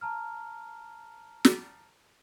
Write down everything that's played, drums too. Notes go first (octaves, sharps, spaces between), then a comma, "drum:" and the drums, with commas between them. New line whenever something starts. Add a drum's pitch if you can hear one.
A5 A#5 F6
drum: snare